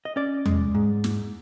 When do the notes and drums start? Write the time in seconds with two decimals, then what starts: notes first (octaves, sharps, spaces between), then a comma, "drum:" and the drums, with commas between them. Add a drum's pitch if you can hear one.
0.05 D#5
0.16 C#4 D5
0.46 G#3, drum: tom E2
0.75 G#2
1.04 drum: snare